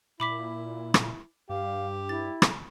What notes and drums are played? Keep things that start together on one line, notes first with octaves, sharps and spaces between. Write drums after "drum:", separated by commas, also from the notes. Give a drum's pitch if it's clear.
A#2 E4 B5 D6 B6
drum: rim click
G2 G4 F5
E4 A6
drum: rim click